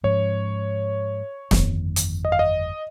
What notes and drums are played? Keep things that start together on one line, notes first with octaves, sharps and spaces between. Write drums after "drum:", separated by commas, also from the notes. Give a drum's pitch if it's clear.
G#2 F3 G#3 C#4 C#5
G1 F2 D#3 A#3, drum: snare
drum: hi-hat
D#5
F5
D#5